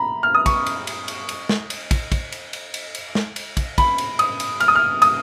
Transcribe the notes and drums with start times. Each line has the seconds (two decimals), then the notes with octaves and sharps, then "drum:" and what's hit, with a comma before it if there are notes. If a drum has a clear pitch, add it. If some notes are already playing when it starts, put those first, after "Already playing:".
Already playing: A#5 B5
0.23 F6
0.35 D#6
0.46 C#6, drum: kick, cymbal
0.66 drum: cymbal
0.87 drum: cymbal
1.08 drum: cymbal
1.29 drum: cymbal
1.49 drum: snare
1.70 drum: cymbal
1.91 drum: kick, cymbal
2.12 drum: kick, cymbal
2.32 drum: cymbal
2.53 drum: cymbal
2.74 drum: cymbal
2.95 drum: cymbal
3.15 drum: snare
3.36 drum: cymbal
3.57 drum: kick, cymbal
3.78 B5, drum: kick, cymbal
3.98 drum: cymbal
4.19 D#6, drum: cymbal
4.40 drum: cymbal
4.60 F6, drum: cymbal
4.68 D#6
4.76 F6
5.02 D#6, drum: cymbal